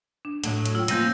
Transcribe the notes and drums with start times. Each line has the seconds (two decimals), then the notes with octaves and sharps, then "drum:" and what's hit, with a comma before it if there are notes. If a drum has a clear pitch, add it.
0.25 D4
0.44 A2 F#3, drum: hi-hat
0.66 drum: hi-hat
0.75 F4 G5 E6
0.88 F3 G3 A#3 C#4 G6 A#6 D#7, drum: hi-hat